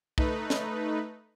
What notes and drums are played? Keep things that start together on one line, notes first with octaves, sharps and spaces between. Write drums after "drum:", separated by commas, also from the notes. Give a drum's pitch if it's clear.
A3 D#4 B4, drum: kick
drum: snare